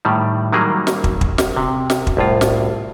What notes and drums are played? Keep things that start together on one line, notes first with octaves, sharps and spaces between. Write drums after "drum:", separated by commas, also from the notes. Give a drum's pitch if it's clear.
A2 D#3 G3
D#3 F#3 G3 A#3 G#4
drum: snare
drum: kick
drum: kick
drum: snare
C3
drum: snare
drum: kick
C2 A2 F4
drum: snare